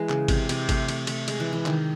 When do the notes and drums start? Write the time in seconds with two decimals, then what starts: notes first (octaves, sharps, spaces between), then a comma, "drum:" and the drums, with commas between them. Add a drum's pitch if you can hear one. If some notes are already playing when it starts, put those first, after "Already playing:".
Already playing: E3 G#3
0.09 C#3, drum: clap
0.28 C3, drum: kick G#1, cymbal
0.49 C3, drum: cymbal
0.69 A3, drum: kick G#1, cymbal
0.88 A3, drum: cymbal
1.07 A3, drum: cymbal
1.28 G#3, drum: cymbal
1.40 E3
1.53 E3
1.66 D#3, drum: clap